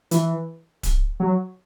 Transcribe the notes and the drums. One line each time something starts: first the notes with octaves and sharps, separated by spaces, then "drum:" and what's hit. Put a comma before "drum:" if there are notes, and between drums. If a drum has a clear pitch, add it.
E3, drum: hi-hat
drum: kick D1, hi-hat
F#3